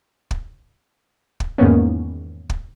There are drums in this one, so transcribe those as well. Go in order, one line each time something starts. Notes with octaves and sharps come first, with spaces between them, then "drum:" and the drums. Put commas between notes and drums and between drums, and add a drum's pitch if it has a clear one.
drum: kick
drum: kick
E2 G#2 D#3 A#3 B3 C#4
drum: kick